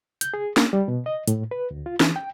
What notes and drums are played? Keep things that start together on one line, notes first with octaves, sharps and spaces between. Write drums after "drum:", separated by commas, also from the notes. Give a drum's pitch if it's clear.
G6, drum: hi-hat
G#4
A#3, drum: snare
G3
B2
D#5
A2, drum: hi-hat
B4
D2
F4
E3, drum: snare
G5